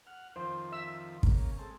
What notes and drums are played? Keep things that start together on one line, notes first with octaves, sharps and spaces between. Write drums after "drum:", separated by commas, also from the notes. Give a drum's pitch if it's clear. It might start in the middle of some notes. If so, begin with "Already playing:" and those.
F#5 F6
F2 D#3 F3 C5
E5 E6
C#3 A#3, drum: kick
G#3 C4 A4